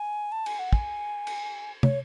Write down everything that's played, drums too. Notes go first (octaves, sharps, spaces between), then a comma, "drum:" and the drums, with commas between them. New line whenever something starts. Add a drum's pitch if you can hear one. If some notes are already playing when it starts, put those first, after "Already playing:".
Already playing: G#5
A5
G#5, drum: cymbal
F#5
G#5, drum: kick
drum: cymbal
C#5, drum: tom